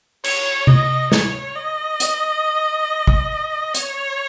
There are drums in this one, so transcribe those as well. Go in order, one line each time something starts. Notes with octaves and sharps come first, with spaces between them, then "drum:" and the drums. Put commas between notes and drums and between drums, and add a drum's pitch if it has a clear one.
C#5, drum: cymbal
D#5, drum: tom C3
C#5, drum: snare
D#5
drum: hi-hat
drum: kick
C#5, drum: hi-hat